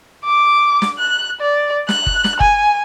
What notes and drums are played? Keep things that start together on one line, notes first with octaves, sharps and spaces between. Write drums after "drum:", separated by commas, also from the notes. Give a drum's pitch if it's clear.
D6
drum: snare
F#6
D5
F#6, drum: snare
drum: kick F#1
drum: snare
G#5, drum: kick F#1